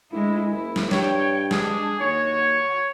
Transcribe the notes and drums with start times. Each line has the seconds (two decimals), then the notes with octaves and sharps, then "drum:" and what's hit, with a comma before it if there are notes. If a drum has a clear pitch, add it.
0.12 D2 G#3 E4
0.52 F#1 E4
0.76 drum: snare
0.91 G2 C#5 G5, drum: snare
1.51 G#3 D4 G#4, drum: snare
2.00 D#2 F#4 C#5